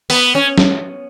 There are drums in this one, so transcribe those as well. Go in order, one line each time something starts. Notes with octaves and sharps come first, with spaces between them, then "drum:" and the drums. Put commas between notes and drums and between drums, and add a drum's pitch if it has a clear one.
B3, drum: open hi-hat
C#4
drum: snare